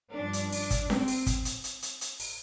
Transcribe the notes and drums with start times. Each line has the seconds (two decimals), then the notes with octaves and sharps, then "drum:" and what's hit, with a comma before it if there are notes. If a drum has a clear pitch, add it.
0.14 G2 F3 D4
0.33 drum: hi-hat
0.52 D4, drum: open hi-hat
0.71 drum: kick, hi-hat
0.90 C4, drum: snare C#4
1.08 drum: open hi-hat
1.26 drum: kick, hi-hat
1.45 drum: hi-hat
1.64 drum: hi-hat
1.82 drum: hi-hat
2.01 drum: hi-hat
2.20 drum: open hi-hat